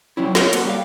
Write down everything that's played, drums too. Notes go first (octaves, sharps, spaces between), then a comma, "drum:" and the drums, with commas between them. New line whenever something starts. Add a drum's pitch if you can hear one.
F#3 G3 C#4 E4
A#4 C#5, drum: snare
A#3 F#4 A4, drum: hi-hat
G3 F5